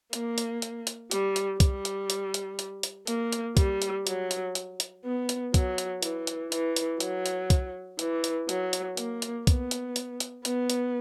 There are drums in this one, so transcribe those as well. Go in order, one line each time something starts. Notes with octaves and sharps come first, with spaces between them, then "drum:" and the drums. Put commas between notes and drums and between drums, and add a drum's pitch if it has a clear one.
A#3, drum: hi-hat
drum: hi-hat
drum: hi-hat
drum: hi-hat
G3, drum: hi-hat
drum: hi-hat
G3, drum: kick, hi-hat
drum: hi-hat
drum: hi-hat
drum: hi-hat
drum: hi-hat
drum: hi-hat
A#3, drum: hi-hat
drum: hi-hat
G3, drum: kick, hi-hat
drum: hi-hat
F#3, drum: hi-hat
drum: hi-hat
drum: hi-hat
drum: hi-hat
B3
drum: hi-hat
F#3, drum: kick, hi-hat
drum: hi-hat
E3, drum: hi-hat
drum: hi-hat
E3, drum: hi-hat
drum: hi-hat
F#3, drum: hi-hat
drum: hi-hat
drum: kick, hi-hat
E3, drum: hi-hat
drum: hi-hat
F#3, drum: hi-hat
drum: hi-hat
A#3, drum: hi-hat
drum: hi-hat
B3, drum: kick, hi-hat
drum: hi-hat
drum: hi-hat
drum: hi-hat
B3, drum: hi-hat
drum: hi-hat